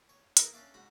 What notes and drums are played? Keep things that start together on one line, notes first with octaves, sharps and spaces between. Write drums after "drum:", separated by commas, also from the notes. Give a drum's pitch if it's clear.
C#5
D#4 E4 G#4 A#4 B4 G#5, drum: hi-hat
C#4 D4 C#5 D5 E5 F5
G#2 F#4 B5